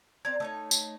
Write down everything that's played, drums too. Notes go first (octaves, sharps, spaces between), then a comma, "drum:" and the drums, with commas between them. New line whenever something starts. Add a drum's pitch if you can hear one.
C4 D5 A#5 G#6
A3 D#4 C#5
drum: tambourine